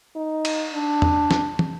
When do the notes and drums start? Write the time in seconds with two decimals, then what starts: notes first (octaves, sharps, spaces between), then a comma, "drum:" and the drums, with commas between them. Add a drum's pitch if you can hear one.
0.16 D#4
0.45 drum: cymbal
0.73 D4
1.02 drum: tom E2
1.31 drum: snare
1.59 drum: tom